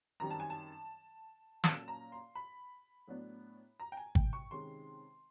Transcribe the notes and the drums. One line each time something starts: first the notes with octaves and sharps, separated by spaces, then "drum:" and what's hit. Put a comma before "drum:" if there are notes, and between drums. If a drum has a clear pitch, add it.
F#2 D#3 G3 C4 A#5
A5
G#5
A5
A#2 F#3 A#3 C#4 A5, drum: snare
A#5
C6
B5
A2 F#3 B3 D4
A#5
G5
G#5
G5, drum: kick
C#6
C3 D#3 G#3 C#4 C6